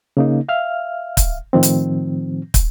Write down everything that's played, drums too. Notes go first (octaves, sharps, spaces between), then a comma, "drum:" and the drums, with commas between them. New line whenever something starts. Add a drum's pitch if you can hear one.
C#3 A#3 D#4
E5 F5 F6
drum: kick, hi-hat
A2 D#3 F3 C4
drum: hi-hat
drum: kick, hi-hat